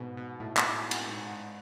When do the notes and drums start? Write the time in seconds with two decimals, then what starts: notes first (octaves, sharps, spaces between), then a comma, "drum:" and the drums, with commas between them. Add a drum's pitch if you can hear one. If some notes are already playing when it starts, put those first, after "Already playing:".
Already playing: G#2 B2
0.17 B2
0.40 A2
0.57 drum: clap
0.91 drum: cymbal
1.08 G#2
1.32 G#2